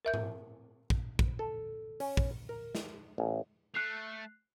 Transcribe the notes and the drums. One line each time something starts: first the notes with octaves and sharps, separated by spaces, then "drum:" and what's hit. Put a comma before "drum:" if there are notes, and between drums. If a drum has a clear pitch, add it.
A#4 E5 G6
drum: tom G#2
drum: kick
drum: kick
A4
C#4, drum: open hi-hat
drum: kick
A#4
drum: snare
A1
A3 F#6 C7 F7